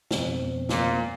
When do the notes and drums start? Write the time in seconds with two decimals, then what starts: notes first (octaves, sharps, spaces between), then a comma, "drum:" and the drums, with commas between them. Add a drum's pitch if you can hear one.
0.11 F2 B2 C4, drum: snare
0.69 A#2, drum: snare